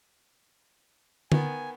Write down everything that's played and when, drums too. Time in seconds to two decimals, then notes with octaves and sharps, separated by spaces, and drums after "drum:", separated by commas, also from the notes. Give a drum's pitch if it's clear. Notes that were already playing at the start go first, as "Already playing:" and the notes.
1.32 D#3 B3 G#5, drum: tom D3